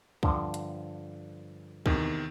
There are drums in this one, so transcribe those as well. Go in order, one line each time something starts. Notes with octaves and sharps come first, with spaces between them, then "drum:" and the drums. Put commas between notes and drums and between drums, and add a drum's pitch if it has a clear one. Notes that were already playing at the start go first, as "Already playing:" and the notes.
G2 D3 F3, drum: kick C2
drum: hi-hat
E2 C3 D#3, drum: kick C2